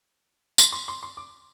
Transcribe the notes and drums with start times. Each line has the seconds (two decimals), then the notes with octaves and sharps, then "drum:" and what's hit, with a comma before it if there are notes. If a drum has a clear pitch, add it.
0.58 C6, drum: tambourine
0.72 C6
0.88 C6
1.03 C6
1.17 D6